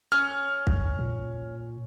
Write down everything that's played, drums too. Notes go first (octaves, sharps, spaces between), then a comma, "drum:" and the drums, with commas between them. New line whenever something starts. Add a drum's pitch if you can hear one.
C#4 F6
drum: kick
A#2